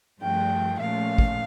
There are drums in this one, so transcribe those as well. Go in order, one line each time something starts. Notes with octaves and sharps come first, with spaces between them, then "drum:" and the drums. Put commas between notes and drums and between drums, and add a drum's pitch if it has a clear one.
G2 F3 A3 G5, drum: cymbal
A#2 F3 A3 C#4 F5
drum: kick